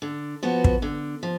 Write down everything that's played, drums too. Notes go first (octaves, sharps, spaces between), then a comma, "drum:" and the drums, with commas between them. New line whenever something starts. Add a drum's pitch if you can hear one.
D3
F3 B3 F#4
drum: kick
D3
F3